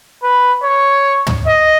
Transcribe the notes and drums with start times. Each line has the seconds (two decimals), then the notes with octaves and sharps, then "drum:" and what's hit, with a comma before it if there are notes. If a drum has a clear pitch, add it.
0.23 B4
0.63 C#5
1.27 drum: tom
1.47 D#5